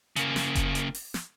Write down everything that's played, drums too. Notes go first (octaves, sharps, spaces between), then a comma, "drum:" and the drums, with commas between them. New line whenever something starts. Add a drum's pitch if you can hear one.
C#3 A#3, drum: hi-hat
drum: snare
drum: kick F1, hi-hat
drum: hi-hat
drum: open hi-hat
drum: snare